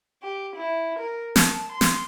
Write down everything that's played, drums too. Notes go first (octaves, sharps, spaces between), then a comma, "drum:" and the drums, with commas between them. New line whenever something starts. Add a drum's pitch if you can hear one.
G4
E4
A#4
A5, drum: snare
C6
drum: snare